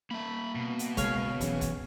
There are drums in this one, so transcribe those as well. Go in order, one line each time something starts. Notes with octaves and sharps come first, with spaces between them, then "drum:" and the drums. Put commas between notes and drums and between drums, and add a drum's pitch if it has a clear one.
A#3 E5 B5
B2
drum: hi-hat
C#3 G#3 A#3 C#5 F5, drum: kick, hi-hat
F#1 C#3 E3, drum: hi-hat
drum: kick, hi-hat